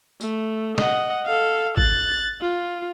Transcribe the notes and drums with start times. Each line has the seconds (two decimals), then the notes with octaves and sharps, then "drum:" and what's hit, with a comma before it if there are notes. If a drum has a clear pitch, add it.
0.21 A3, drum: tambourine
0.78 D#5 F#5, drum: snare
1.26 A4 F5
1.77 F#6 A6, drum: kick
2.41 F4